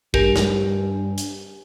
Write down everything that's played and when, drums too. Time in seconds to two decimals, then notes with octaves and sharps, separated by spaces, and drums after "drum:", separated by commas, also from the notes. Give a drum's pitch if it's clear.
0.14 G2 G4 A#4 G#5, drum: kick
0.36 drum: snare
1.18 drum: hi-hat